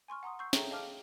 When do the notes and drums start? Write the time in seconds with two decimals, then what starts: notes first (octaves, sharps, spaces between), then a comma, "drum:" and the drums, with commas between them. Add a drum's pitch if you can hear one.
0.08 G#5 C6 C#6 F6
0.23 F#5 A#5 C6 D#6
0.39 C#6 E6 G6 C7
0.53 G#4 A4 C#5 E5 G5 A#5, drum: snare
0.70 D#5 F5 A5 D6 F6